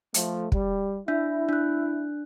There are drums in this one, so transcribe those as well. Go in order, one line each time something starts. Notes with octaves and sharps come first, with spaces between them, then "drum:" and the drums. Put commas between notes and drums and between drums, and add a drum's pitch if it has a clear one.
F3 A3, drum: hi-hat
G3, drum: kick
D4 E4 E5
D4 F#6